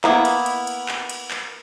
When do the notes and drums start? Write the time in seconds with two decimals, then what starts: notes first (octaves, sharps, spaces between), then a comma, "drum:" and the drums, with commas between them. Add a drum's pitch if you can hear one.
0.04 A#3 B3 E4, drum: clap
0.25 drum: cymbal
0.46 drum: cymbal
0.67 drum: cymbal
0.88 drum: clap
1.10 drum: cymbal
1.31 drum: clap